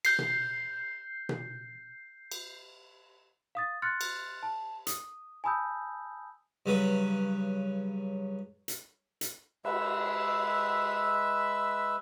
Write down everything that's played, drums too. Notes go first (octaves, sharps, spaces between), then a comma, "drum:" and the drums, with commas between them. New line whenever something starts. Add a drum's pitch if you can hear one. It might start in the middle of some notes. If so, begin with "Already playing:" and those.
G6 C7, drum: cymbal
drum: tom B2
drum: tom B2
drum: cymbal
F5 D#6 A6
C6 F6 F#6 A6 C#7
drum: cymbal
A5
D#6, drum: hi-hat
G#5 A5 B5 D#6 E6 G6
G2 C#3 F#3 B4
drum: hi-hat
drum: hi-hat
G#3 B4 E5 E6, drum: cymbal